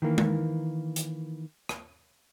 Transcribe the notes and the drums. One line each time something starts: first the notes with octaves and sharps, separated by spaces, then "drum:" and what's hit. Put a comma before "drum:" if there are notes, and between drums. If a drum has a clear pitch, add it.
D#3 E3 A#3
drum: tom G#3
drum: hi-hat
drum: rim click